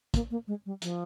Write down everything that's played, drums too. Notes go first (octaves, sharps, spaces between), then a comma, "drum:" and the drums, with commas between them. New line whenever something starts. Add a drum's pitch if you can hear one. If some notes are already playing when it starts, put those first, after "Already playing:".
A#3, drum: kick, hi-hat
A#3
G#3
G3
F3, drum: hi-hat